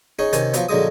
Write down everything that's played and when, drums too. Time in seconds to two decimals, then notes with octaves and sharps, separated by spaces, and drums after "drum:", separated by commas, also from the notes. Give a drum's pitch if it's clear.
0.19 C#4 D#4 G#4 C#5
0.33 C3 D#3 C#4 G#5, drum: hi-hat
0.54 F3 F#3 B3, drum: hi-hat
0.69 A#1 D3 F#3 G#3 D#6